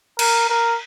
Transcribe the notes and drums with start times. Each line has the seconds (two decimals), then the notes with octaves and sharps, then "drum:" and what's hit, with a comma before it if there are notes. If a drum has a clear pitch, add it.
0.19 A#4, drum: cymbal
0.50 A#4